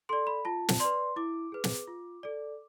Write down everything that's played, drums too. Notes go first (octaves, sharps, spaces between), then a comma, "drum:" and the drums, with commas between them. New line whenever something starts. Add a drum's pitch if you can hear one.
A4 D5 C6
B5
F4 A5
drum: snare
B4 D5 C6
E4 D6
G#4 B4
drum: snare
F4
A4 D5